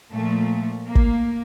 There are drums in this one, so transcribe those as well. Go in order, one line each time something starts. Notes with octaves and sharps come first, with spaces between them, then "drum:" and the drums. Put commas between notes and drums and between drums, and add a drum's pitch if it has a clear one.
A#2 F3 A3
A#3
drum: kick